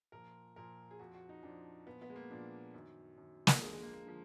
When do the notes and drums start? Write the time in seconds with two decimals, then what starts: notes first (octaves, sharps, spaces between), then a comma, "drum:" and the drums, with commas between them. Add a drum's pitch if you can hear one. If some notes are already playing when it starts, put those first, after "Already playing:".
0.12 A#2 F3 A#4
0.56 A#2 F3 A#4
0.91 G#4
0.99 F2 F3 F#4
1.14 F#4
1.29 D#4
1.43 F2 F3 D4
1.87 A#2 F3 B3
2.02 B3
2.10 G#3
2.16 A#3
2.30 A#2 F3 D4
2.74 F#2 D#3
3.18 F#2 D#3
3.47 drum: snare
3.61 F2 D3 F3 G#3
3.73 G#3
3.82 A#3
3.93 A#3
4.06 D3 F3